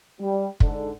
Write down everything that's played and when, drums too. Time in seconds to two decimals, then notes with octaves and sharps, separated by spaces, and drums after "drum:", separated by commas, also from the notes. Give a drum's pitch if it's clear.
0.20 G3
0.60 G#2 D3, drum: kick